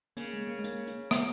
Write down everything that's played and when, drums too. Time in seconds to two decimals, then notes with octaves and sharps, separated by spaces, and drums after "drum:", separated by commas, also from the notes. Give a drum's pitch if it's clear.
0.17 C#3 A#3, drum: hi-hat
0.33 G#3
0.48 A#3
0.59 G#3
0.64 A#3, drum: hi-hat
0.87 drum: hi-hat
1.11 B3, drum: rim click